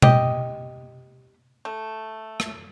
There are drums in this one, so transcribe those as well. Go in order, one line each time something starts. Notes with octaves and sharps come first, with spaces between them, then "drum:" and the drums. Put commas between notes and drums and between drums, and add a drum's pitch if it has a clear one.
G4 D#5, drum: tom B2
A3
drum: rim click